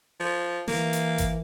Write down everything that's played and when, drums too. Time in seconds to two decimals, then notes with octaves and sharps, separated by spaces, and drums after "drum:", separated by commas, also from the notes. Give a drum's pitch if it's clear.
0.20 F3
0.68 E3 A#3, drum: snare
0.93 drum: hi-hat
1.18 drum: kick G1, hi-hat